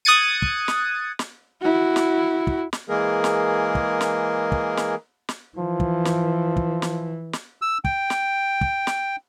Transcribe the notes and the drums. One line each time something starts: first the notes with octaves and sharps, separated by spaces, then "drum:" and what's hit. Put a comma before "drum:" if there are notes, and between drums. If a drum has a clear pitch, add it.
D#6 F#6 G#6 A6 C#7 D#7
drum: kick
drum: snare
drum: snare
E4 F#4
drum: snare
drum: kick
drum: snare
E3 G#3 A#3 G#4 A#4
drum: snare
drum: kick
drum: snare
drum: kick
drum: snare
drum: snare
E3 F3
drum: kick
drum: snare
drum: kick
drum: snare
drum: snare
E6
G5, drum: kick
drum: snare
drum: kick
drum: snare